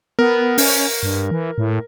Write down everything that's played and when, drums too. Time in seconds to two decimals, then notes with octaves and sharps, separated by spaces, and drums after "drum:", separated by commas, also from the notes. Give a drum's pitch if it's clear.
0.19 B3 A#4
0.58 C#4, drum: open hi-hat
1.03 G2
1.31 E3
1.58 A2